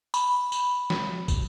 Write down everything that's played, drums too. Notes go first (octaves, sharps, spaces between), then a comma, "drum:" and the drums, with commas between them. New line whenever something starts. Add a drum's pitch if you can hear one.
B5, drum: tambourine
drum: tambourine
drum: snare F3
drum: kick, tambourine